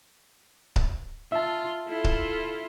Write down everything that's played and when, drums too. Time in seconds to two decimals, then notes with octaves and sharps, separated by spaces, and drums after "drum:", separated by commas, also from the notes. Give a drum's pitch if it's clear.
0.76 drum: kick C#1
1.32 F4 E5 A5
1.88 E4 F4 A4
2.04 drum: kick C#1